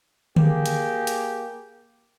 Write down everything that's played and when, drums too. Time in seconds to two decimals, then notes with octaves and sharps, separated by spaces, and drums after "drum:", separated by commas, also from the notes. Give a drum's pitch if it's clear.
0.36 A#3 G4 G#4, drum: tom D3
0.66 drum: hi-hat
1.07 drum: hi-hat